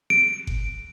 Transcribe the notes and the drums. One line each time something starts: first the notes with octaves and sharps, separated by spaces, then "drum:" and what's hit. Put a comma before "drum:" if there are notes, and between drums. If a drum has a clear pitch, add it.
D7
drum: kick G1